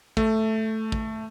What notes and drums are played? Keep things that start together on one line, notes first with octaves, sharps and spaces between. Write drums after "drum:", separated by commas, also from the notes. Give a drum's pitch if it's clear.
A3, drum: kick
drum: kick